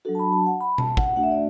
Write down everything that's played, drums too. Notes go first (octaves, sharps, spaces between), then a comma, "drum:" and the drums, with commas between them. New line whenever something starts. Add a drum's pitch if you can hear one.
F#3 D4 F#4 A4
A5
B5
A5
F#5
B5
A5, drum: tom B2
F#5, drum: kick
A3 D4 F#4 F#5
E5
D5